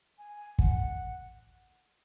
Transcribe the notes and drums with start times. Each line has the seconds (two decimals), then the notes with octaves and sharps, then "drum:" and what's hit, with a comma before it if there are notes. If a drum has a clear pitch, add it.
0.18 G#5
0.59 F#5, drum: kick